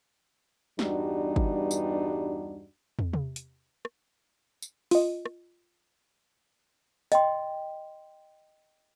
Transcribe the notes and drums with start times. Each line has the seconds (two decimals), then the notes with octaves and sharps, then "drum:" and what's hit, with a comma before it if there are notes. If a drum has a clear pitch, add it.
0.79 E2 G2 G3 D4 D#4 F#4, drum: snare
1.36 drum: kick
1.71 drum: tambourine
2.99 drum: tom
3.13 drum: tom C3
3.36 drum: hi-hat
3.85 drum: rim click
4.62 drum: tambourine
4.91 F4 D#5, drum: open hi-hat
5.26 drum: rim click
7.12 D#5 G5 C6, drum: hi-hat